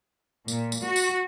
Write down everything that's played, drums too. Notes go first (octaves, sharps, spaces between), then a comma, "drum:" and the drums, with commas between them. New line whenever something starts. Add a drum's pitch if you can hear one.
A#2, drum: tambourine
drum: tambourine
F#4
drum: tambourine